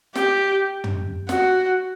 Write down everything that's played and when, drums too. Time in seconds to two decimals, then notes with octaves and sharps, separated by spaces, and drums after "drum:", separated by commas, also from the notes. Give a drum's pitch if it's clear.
0.15 G4, drum: snare
0.84 drum: tom
1.29 F#4, drum: snare